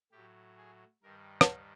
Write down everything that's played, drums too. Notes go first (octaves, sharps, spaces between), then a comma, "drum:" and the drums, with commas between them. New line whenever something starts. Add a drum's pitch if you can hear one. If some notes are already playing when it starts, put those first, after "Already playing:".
A2 F#3 G4
G#4
G2 D#3 G3 A#4
drum: rim click